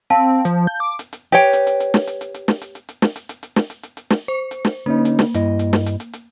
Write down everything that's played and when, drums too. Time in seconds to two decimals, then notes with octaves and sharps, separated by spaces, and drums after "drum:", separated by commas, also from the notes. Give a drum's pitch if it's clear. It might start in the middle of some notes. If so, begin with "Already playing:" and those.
0.10 C4 F5 A5
0.45 F3, drum: hi-hat
0.67 G6
0.80 D6
0.99 drum: hi-hat
1.13 drum: hi-hat
1.32 G4 B4 C#5 G5
1.53 drum: hi-hat
1.67 drum: hi-hat
1.80 drum: hi-hat
1.94 drum: snare
2.07 drum: hi-hat
2.21 drum: hi-hat
2.34 drum: hi-hat
2.48 drum: snare
2.62 drum: hi-hat
2.75 drum: hi-hat
2.89 drum: hi-hat
3.02 drum: snare
3.16 drum: hi-hat
3.29 drum: hi-hat
3.43 drum: hi-hat
3.56 drum: snare
3.70 drum: hi-hat
3.83 drum: hi-hat
3.97 drum: hi-hat
4.10 drum: snare
4.28 C5
4.51 drum: hi-hat
4.65 drum: snare
4.86 D3 A#3 C#4 D#4
5.05 drum: hi-hat
5.19 drum: snare
5.34 G2 E4 D#5, drum: hi-hat
5.59 drum: hi-hat
5.73 drum: snare
5.86 drum: hi-hat
6.00 drum: hi-hat
6.13 drum: hi-hat